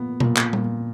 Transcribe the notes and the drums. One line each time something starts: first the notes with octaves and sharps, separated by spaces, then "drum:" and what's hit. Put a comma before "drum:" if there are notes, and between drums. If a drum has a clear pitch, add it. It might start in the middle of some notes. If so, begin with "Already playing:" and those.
Already playing: A#2 B3
A#2, drum: tom B2
drum: clap
A#2, drum: tom G3